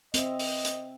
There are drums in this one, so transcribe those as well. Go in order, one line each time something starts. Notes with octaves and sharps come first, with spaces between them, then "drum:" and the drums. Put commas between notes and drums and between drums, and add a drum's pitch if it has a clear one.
C4 D#5 E5, drum: hi-hat
drum: open hi-hat
drum: hi-hat